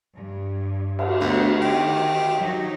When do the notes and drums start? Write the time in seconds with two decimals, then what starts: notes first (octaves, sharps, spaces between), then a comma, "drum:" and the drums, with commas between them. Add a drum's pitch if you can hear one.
0.15 G2
0.99 drum: cymbal
1.21 D2 B3 C#5
1.62 D#3 G4
2.38 F#3 D#4